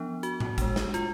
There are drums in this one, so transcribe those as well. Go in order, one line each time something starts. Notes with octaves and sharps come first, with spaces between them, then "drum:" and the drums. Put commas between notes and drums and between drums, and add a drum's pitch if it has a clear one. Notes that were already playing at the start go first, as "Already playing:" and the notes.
Already playing: F3 B3 D4
F#4, drum: hi-hat
drum: tom A2
G#3 D4, drum: kick, hi-hat
drum: snare
F4, drum: hi-hat